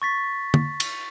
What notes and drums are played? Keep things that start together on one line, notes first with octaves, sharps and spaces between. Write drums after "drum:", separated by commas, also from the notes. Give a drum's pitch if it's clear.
C#6 A6 B6
drum: tom
drum: cymbal